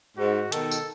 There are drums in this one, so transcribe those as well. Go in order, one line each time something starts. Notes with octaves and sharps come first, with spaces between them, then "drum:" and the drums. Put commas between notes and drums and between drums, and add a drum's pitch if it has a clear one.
G#2 F#4
B2 D#3 A4, drum: hi-hat
drum: tambourine